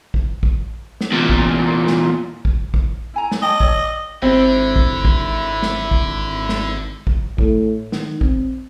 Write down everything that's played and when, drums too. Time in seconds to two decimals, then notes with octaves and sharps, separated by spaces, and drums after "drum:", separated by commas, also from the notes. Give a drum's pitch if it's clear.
0.14 drum: kick
0.43 drum: kick
1.01 drum: snare
1.12 E2 A#2
1.29 drum: kick
1.87 drum: snare
2.45 drum: kick
2.74 drum: kick
3.14 E4 G#5 A#5
3.32 drum: snare
3.42 C#5 D#5 G5 A5
3.60 C#5 D5, drum: kick
4.22 G#1 D3 C4 E4 E5
4.76 drum: kick
5.05 drum: kick
5.62 drum: snare
5.91 drum: kick
6.49 drum: snare
7.07 drum: kick
7.38 A2, drum: kick
7.92 D#3, drum: snare
8.21 C4, drum: kick